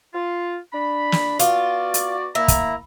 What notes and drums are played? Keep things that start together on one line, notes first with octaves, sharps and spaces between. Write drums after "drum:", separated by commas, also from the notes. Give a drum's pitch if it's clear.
F4
D4 B5
drum: snare
B3 F4 F#4 D5, drum: hi-hat
drum: hi-hat
A#3 E4 A#5
drum: kick, hi-hat